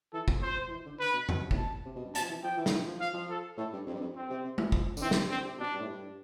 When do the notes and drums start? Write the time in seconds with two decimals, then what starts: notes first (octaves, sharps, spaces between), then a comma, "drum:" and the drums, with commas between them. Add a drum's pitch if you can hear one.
0.13 E3 A4
0.28 F3, drum: kick
0.42 C5
0.67 F3
0.71 E3
0.86 D3
0.99 D3 B4
1.14 B2
1.29 B2, drum: tom F2
1.43 C3
1.51 A2, drum: kick
1.57 B2 A5
1.85 C3
1.96 B2
2.05 G2
2.15 B2 A5, drum: hi-hat
2.23 F3
2.29 E3
2.43 F3 G5
2.57 E3
2.66 D3, drum: snare
2.72 E3
2.87 F3
3.00 F5
3.14 F3
3.29 A4
3.57 A2 A4
3.73 G2
3.87 F2
3.94 G2
4.01 F2
4.16 C4
4.30 C3
4.44 C3
4.58 E3, drum: tom G#3
4.72 F3, drum: kick
4.97 D3, drum: tambourine
5.01 E3 C4
5.11 C3, drum: snare
5.16 D3
5.30 D3 C4
5.45 C3
5.58 B2 D4
5.74 G2
5.81 A2
5.88 G2